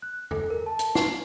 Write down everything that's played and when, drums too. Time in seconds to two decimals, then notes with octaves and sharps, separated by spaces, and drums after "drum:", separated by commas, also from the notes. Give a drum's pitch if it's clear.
0.02 F#6
0.31 A4, drum: tom
0.50 A#4
0.66 A5
0.79 drum: hi-hat
0.95 C7, drum: snare